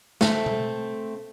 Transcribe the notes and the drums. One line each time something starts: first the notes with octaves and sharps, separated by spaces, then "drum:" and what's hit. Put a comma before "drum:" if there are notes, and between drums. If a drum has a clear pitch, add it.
A3 C4, drum: snare
drum: tom B2